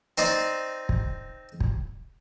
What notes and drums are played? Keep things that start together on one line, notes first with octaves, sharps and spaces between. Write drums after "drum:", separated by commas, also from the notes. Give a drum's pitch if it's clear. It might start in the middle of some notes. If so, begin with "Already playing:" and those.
C4 D#4 C5 D5
drum: kick
drum: kick